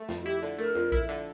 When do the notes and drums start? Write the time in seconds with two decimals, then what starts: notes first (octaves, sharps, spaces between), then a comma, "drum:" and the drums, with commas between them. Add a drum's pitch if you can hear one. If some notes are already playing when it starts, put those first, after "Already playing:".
Already playing: A3
0.09 F2, drum: snare
0.21 F4
0.25 E4 G4
0.43 D3
0.58 A3 A#4
0.75 F2
0.92 E4, drum: kick A#1
1.09 D3